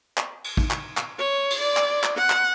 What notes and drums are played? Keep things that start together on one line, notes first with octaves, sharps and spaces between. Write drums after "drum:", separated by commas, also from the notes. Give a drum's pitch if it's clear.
drum: clap
drum: cymbal
drum: kick
drum: clap
drum: clap
C#5
drum: cymbal
D5
drum: clap
drum: clap
F#5
drum: clap